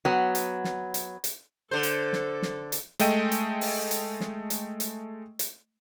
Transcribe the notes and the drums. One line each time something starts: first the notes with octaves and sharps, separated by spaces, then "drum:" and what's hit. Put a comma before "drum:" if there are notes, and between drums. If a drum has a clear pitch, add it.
F#3 B3
drum: hi-hat
drum: snare
drum: hi-hat
drum: hi-hat
D3 A4 C5
drum: hi-hat
drum: snare
drum: snare
drum: hi-hat
G#3 A3 D#5 G5 D#7, drum: hi-hat
drum: hi-hat
drum: open hi-hat
drum: hi-hat
drum: snare
drum: hi-hat
drum: hi-hat
drum: hi-hat